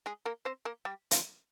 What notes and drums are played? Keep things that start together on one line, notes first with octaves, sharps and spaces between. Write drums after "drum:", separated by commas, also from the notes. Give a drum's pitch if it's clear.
G#3 G#4
A#3 A#4
C4 C5
A#3 A#4
G3 G4
F3 F4, drum: hi-hat